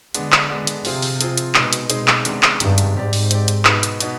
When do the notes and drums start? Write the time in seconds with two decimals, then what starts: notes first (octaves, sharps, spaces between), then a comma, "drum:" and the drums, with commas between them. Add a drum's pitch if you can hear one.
0.14 D3 G#3 B3 D4, drum: hi-hat
0.32 drum: clap
0.50 G#3 B3 D4
0.67 drum: hi-hat
0.85 C3 F3 C4 F4 G#4, drum: open hi-hat
1.02 drum: open hi-hat
1.21 F3 C4 F4 G#4, drum: hi-hat
1.37 drum: hi-hat
1.55 B2 G#3 C4 D#4 G#4, drum: clap
1.73 drum: hi-hat
1.90 G#3 C4 D#4 G#4, drum: hi-hat
2.08 drum: clap
2.25 C3 D#3 G#3 B3 D4, drum: hi-hat
2.43 drum: clap
2.60 G2 C3 D#3 G#3 B3 D4, drum: hi-hat
2.78 drum: hi-hat
2.95 G#2 C4 G4 D5
3.13 drum: open hi-hat
3.31 C4 G4 D5, drum: hi-hat
3.48 drum: hi-hat
3.65 B2 B3 D#4 G#4 B4, drum: clap
3.83 drum: hi-hat
4.00 B2 B3 D#4, drum: hi-hat